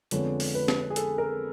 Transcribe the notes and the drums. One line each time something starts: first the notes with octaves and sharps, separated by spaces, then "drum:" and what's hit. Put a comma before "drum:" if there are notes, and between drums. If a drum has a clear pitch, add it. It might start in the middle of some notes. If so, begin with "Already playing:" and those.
F2 D3 F3 G#3 B3 C#5, drum: hi-hat
drum: open hi-hat
B4
drum: snare
G#4
A4, drum: hi-hat
A#4